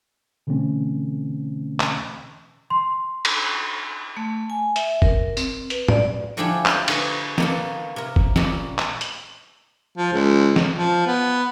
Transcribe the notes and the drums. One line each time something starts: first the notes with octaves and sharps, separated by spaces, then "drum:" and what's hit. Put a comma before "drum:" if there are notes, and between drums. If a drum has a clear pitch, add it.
B2 D3 E3 A3 C4 C#4
drum: clap
C6
drum: cymbal
A3
G#5
E5, drum: hi-hat
A#4, drum: kick
C4, drum: tambourine
B4, drum: hi-hat
D5, drum: tom
D3 F3 G3 D4 E4 G#4
drum: clap
D3 B4 A#5, drum: cymbal
A#3 B3 A4, drum: snare
C3 A#4
drum: kick
A#2 C#3, drum: snare
drum: clap
drum: hi-hat
F3
C#2
drum: snare
F3
B3